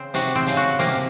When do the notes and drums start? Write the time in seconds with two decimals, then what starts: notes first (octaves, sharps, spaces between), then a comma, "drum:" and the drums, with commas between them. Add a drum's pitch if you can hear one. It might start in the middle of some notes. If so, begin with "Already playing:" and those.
Already playing: C#3 C4
0.14 C3 F#4, drum: hi-hat
0.35 C4
0.47 C#3, drum: hi-hat
0.57 F#4
0.79 C3 A#3, drum: hi-hat